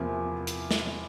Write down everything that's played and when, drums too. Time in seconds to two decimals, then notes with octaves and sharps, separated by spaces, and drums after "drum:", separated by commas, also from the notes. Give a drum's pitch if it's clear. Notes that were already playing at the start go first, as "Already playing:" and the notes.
Already playing: E2 C3 F3 A#3 E4 G#5
0.47 drum: hi-hat
0.71 drum: snare